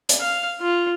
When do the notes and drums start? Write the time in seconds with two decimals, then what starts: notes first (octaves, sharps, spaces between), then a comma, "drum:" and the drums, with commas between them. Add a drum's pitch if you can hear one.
0.09 drum: hi-hat
0.20 F5
0.61 F4